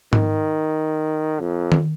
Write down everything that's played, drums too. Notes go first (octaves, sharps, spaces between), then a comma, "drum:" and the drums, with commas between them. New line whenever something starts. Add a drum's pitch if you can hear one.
D#3, drum: tom G#2
F2
drum: tom D#3